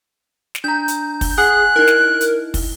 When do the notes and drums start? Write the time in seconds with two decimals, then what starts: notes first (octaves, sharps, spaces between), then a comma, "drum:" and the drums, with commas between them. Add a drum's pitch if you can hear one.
0.55 drum: snare
0.64 D4 A#5 G6
0.88 drum: hi-hat
1.21 drum: kick, open hi-hat
1.38 G#4 F#5 G#5 F#6
1.76 D#4 E4 A#4
1.87 drum: snare
2.21 drum: hi-hat
2.54 drum: kick, open hi-hat